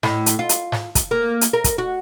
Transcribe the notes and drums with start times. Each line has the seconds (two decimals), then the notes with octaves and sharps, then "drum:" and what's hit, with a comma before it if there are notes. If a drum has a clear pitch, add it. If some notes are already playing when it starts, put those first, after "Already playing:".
0.03 A2, drum: snare G#2
0.26 drum: hi-hat
0.39 F4
0.49 drum: hi-hat
0.72 drum: snare G#2
0.95 drum: kick, hi-hat
1.11 A#3
1.41 drum: hi-hat
1.53 A#4
1.64 drum: kick, hi-hat
1.78 F#4